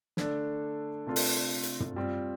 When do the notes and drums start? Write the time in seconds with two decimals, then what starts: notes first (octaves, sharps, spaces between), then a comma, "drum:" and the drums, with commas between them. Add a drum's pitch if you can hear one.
0.17 D3 A3 D4 A4, drum: snare
1.06 C3 A3 D4 F4 A4
1.16 drum: open hi-hat
1.63 drum: hi-hat
1.80 drum: tom
1.96 G3 C4 F4